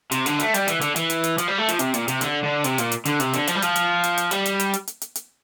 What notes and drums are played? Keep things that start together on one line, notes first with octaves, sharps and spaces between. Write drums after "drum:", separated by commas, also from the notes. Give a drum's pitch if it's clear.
C3, drum: hi-hat
D3, drum: hi-hat
A3, drum: hi-hat
G3, drum: hi-hat
E3, drum: hi-hat
D3, drum: hi-hat
E3, drum: hi-hat
drum: hi-hat
drum: hi-hat
F3, drum: hi-hat
G3
A3
F3, drum: hi-hat
C3, drum: hi-hat
A#2, drum: hi-hat
C3, drum: hi-hat
D3, drum: hi-hat
D3
C3, drum: hi-hat
A#2, drum: hi-hat
drum: hi-hat
D3, drum: hi-hat
C3, drum: hi-hat
D3, drum: hi-hat
F3, drum: hi-hat
G3
F3, drum: hi-hat
drum: hi-hat
drum: hi-hat
drum: hi-hat
G3, drum: hi-hat
drum: hi-hat
drum: hi-hat
drum: hi-hat
drum: hi-hat
drum: hi-hat
drum: hi-hat